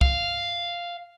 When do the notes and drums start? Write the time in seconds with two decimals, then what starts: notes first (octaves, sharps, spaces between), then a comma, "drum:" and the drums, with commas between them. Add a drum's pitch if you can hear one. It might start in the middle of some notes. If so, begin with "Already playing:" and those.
0.01 F5, drum: kick